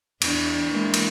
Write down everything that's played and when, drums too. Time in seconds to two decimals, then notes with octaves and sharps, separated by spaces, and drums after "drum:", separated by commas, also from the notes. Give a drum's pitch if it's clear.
0.22 E2 D4, drum: cymbal
0.69 E3 G#3 A#3
0.94 drum: cymbal